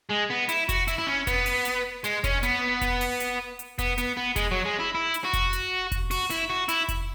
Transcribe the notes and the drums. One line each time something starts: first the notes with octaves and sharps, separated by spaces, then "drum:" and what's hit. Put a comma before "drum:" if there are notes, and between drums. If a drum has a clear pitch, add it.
G#3
B3
E4, drum: hi-hat
F#4, drum: kick F1, hi-hat
E4, drum: hi-hat
E4
C#4
B3, drum: kick F1, hi-hat
drum: open hi-hat
drum: hi-hat
G#3, drum: hi-hat
C#4, drum: kick F1, hi-hat
B3, drum: hi-hat
drum: kick F1, hi-hat
drum: open hi-hat
drum: hi-hat
drum: hi-hat
B3, drum: kick F1, hi-hat
B3, drum: hi-hat
B3
G#3, drum: kick F1, hi-hat
F#3
G#3
E4
E4
drum: hi-hat
F#4
drum: kick F1, hi-hat
drum: hi-hat
drum: kick F1, hi-hat
F#4, drum: open hi-hat
E4, drum: hi-hat
F#4
E4, drum: hi-hat
drum: kick F1, hi-hat